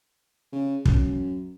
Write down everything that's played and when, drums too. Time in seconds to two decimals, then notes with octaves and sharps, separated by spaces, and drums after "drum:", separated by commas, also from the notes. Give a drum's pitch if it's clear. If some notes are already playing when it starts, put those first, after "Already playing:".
0.52 C#3
0.85 F#2, drum: kick